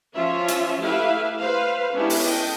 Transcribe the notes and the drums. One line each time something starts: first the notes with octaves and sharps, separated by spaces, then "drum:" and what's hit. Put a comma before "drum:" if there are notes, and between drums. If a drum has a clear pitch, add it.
F3 C#4 F4 E5
drum: hi-hat
A3 E4 G4 B4 E5 F5
B4 C5 F5
G#3 B3 C#4 D4 E4 G4
drum: open hi-hat
A4 D#5 G5